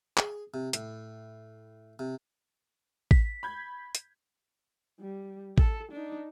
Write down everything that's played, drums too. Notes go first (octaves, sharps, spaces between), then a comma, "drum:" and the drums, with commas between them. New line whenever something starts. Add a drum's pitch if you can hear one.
G#4, drum: clap
C3
A2, drum: hi-hat
C3
B6, drum: kick A1
B5 G6 G#6
drum: hi-hat
G3
A4, drum: kick A1
D4 D#4